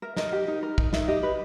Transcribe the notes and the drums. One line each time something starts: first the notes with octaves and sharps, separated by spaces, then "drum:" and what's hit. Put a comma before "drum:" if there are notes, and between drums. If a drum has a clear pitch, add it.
A#4 E5
A#4 D#5, drum: snare
G4
D#4
A#4
D#4, drum: kick
D#4 E5, drum: snare
G4 D#5
B4